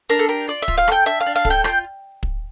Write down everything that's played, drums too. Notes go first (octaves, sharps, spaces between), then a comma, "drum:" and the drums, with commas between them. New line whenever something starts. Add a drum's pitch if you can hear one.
D4 A#4
A4
G4 A#4
F4 D5
E5
F4, drum: kick
F5
A4 G5, drum: rim click
D4 E5
F5
D4
F5
A4, drum: kick
G5
F4 G5, drum: rim click
drum: kick